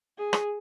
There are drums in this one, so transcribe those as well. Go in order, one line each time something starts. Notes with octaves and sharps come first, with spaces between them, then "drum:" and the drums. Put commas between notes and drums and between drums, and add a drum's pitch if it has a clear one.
G#4
drum: rim click